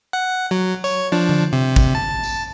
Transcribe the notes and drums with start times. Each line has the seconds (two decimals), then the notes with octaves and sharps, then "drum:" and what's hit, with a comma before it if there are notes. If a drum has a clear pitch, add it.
0.13 F#5
0.51 F#3
0.84 C#5, drum: tambourine
1.12 F3 D4
1.29 drum: tom D3
1.53 C3
1.76 drum: kick G#1, tambourine
1.95 A5
2.23 drum: tambourine